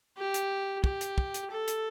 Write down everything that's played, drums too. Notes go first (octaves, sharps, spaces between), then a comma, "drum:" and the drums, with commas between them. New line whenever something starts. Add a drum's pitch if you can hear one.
G4
drum: hi-hat
G4, drum: kick
drum: hi-hat
drum: kick
drum: hi-hat
A4
drum: hi-hat